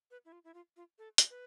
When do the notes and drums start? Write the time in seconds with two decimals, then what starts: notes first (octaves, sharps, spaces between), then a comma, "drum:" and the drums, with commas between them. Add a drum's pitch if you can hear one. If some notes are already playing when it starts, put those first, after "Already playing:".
0.11 B4
0.25 E4
0.32 F4
0.44 E4
0.54 F4
0.77 F4
0.99 A4
1.18 drum: hi-hat
1.30 B4